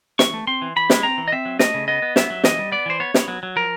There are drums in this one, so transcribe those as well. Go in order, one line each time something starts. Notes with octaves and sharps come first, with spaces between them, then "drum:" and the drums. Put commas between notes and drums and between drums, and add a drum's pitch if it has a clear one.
E3 C#6, drum: snare
A3
C4 C6
E3
E3 B5
G#3, drum: snare
C4 A#5
E3
D#5
C4 E5
F#3
A3 D#5, drum: snare
C#3
B3 D#5
B3
F#3 E5, drum: snare
F#3
E3 D#5, drum: snare
G3
B3 D5
E3 C5
B3 C#5
B3, drum: snare
F#3
F#3
F3 A#4